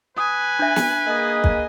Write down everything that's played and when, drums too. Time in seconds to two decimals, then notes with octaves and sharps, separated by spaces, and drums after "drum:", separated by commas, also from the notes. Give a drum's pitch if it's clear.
0.18 B4 G#5 D#6
0.59 D4 E5
0.76 drum: snare
1.07 A#3 G#4 D#5
1.44 drum: kick